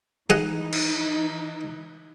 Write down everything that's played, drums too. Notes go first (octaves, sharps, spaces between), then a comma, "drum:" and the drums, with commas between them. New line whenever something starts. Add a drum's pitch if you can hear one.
E3 D#4 G#4 D#5 F#5, drum: hi-hat
drum: cymbal